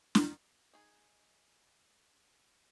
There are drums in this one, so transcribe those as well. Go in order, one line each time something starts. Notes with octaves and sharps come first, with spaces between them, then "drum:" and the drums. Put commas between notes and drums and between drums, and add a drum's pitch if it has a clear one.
drum: snare
D#4 G#4